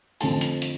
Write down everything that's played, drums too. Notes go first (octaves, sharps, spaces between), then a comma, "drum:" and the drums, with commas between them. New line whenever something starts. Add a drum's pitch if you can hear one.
F2 D3 F3 A3 C4 A5, drum: open hi-hat
drum: hi-hat
drum: hi-hat